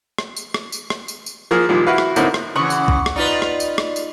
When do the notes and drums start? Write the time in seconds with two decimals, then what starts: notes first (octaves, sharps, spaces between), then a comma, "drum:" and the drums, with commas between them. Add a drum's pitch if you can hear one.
0.18 drum: rim click
0.36 drum: tambourine
0.54 drum: rim click
0.72 drum: tambourine
0.90 drum: rim click
1.08 drum: tambourine
1.26 drum: tambourine
1.51 F3 A#3 G#4 A#4
1.69 A#2 D#3 F3 G3 G#3
1.87 E4 F#4 B4 F5
1.98 drum: rim click
2.16 A2 D3 A#3 C4 D#4 E4, drum: tambourine
2.34 drum: rim click
2.56 C#3 E3 F#5 C#6 D#6
2.70 drum: tambourine
2.88 drum: kick
3.06 drum: rim click
3.16 D#4 F4 B4 D5
3.42 drum: rim click
3.60 drum: tambourine
3.78 drum: rim click
3.96 drum: tambourine